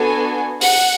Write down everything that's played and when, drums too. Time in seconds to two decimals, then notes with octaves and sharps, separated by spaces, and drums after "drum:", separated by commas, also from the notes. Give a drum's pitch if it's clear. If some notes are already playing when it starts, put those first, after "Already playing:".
Already playing: B3 D4 F#4 A4 G#5
0.61 F#5, drum: open hi-hat